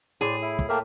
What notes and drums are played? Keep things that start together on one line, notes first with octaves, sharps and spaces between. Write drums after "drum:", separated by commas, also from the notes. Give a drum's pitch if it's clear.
A2 G#4 C5 D5
E4
drum: kick
A#3 A4 A#4 E5 G5 A5